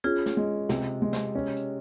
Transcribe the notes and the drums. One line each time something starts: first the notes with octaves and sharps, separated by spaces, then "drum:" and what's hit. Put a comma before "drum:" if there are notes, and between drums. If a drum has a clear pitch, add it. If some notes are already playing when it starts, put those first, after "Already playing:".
C#4 F4 G#4
drum: snare
G#3
C3, drum: snare
G#3
drum: snare
C#4
drum: hi-hat